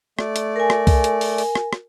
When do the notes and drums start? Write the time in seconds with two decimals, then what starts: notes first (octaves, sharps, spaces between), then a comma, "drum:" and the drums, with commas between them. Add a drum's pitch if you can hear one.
0.19 A3 D5, drum: rim click
0.36 drum: hi-hat
0.56 A#4 G#5
0.70 drum: rim click
0.87 drum: kick C2, open hi-hat
1.04 drum: hi-hat
1.21 drum: open hi-hat
1.38 drum: open hi-hat
1.55 drum: rim click
1.73 drum: rim click